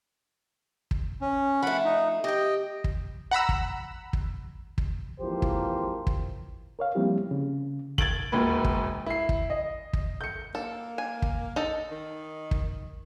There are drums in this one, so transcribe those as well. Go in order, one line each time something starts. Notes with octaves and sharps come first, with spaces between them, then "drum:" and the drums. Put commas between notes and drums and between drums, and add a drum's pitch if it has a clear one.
drum: kick
C#4
F3 A3 F#5 B5
D#4
G4 D#5 G5
drum: kick
F#5 A#5 B5 E6
drum: kick
drum: kick
drum: kick
G#1 E3 F3 A#3 G4 C5
drum: kick
drum: kick
A#4 C#5 F5
F3 G3 A#3 C4 E4 G4
C#3
G#6 A6 D7 F#7, drum: kick
E1 D#2 A#2 B4
drum: kick
E4 C7
drum: kick
D#5
drum: kick
G6 C#7
A#3 A4
G#5
drum: kick
D#4 A4
D#3
drum: kick